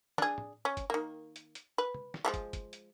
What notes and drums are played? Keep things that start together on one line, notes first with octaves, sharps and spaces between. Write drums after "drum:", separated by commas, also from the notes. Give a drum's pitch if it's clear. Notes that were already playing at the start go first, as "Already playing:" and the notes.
D4 G#4, drum: snare
drum: tom
C#4
drum: kick, hi-hat
D#3 A#3
drum: hi-hat
drum: hi-hat
B4
drum: tom
drum: snare
F3 G#3 A3
drum: kick, hi-hat
drum: kick, hi-hat
drum: hi-hat